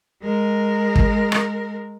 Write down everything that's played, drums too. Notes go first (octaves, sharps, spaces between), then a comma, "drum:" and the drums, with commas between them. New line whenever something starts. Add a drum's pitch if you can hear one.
G#3 A#4
drum: kick
drum: rim click